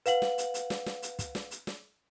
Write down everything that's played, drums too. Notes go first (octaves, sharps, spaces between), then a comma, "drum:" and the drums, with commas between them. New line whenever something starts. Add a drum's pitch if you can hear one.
B4 F5 F#5 F#7, drum: hi-hat
drum: snare
drum: hi-hat
drum: hi-hat
drum: snare
drum: snare
drum: hi-hat
drum: kick, hi-hat
drum: snare
drum: hi-hat
drum: snare